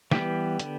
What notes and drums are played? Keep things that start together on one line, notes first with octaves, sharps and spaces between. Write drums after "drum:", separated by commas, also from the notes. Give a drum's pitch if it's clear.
E3 G3 B3 G4, drum: snare
D3 B3, drum: hi-hat